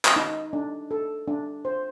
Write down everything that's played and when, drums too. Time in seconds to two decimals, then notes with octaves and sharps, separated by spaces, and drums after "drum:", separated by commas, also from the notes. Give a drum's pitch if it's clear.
0.05 drum: clap
0.16 D#4
0.53 D4
0.91 A4
1.28 D4
1.65 C5